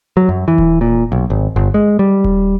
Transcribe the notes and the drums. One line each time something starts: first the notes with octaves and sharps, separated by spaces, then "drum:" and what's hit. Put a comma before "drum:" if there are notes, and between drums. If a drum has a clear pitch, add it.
F#3
F#2
E3
drum: kick D#1
A#2
B1
G#1
G1
G#3
G3
drum: kick D#1